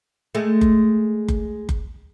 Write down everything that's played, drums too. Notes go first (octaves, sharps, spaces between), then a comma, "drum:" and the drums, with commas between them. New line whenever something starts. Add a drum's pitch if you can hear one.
G#3 A3
drum: kick F#1
drum: kick F#1
drum: kick F#1